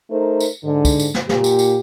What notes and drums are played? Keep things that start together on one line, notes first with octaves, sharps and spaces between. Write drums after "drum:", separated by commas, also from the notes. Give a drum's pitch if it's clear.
A3 D#4 A#4 C5
drum: tambourine
G#2 D3
drum: kick, tambourine
drum: tambourine
drum: snare
A#2 G4, drum: snare
drum: tambourine
drum: tambourine